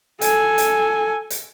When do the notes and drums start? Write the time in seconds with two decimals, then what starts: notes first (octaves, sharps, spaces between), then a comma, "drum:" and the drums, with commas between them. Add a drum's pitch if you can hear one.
0.21 A4 G#5, drum: hi-hat
0.58 drum: hi-hat
1.30 drum: hi-hat